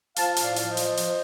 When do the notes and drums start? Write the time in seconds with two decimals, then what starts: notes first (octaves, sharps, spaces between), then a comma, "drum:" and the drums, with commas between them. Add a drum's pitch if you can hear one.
0.16 F3 F5 A5, drum: hi-hat
0.36 A2, drum: hi-hat
0.43 D5 F5
0.56 F3, drum: hi-hat
0.70 C5 D#5
0.77 F3, drum: hi-hat
0.97 F3, drum: hi-hat